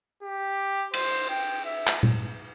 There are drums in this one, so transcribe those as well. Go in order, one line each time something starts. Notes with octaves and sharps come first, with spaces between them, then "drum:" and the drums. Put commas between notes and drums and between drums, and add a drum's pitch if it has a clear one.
G4
C5, drum: cymbal
G5
E5
drum: clap
drum: tom A#2